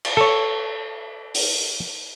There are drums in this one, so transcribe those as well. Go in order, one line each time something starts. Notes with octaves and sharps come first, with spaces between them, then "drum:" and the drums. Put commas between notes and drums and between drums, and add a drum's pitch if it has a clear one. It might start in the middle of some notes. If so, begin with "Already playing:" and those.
drum: cymbal
A4 C#5
drum: open hi-hat